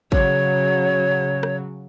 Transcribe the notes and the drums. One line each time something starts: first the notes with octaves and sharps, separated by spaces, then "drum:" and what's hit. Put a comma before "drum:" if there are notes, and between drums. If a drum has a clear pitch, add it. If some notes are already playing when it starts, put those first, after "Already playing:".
C#3 F#3 C#5, drum: kick
drum: rim click